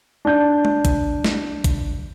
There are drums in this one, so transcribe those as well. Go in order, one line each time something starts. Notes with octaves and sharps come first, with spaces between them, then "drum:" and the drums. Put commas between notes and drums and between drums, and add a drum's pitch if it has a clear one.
D4 G6
drum: tom G#3
drum: kick A1, hi-hat
drum: snare
drum: kick A1, hi-hat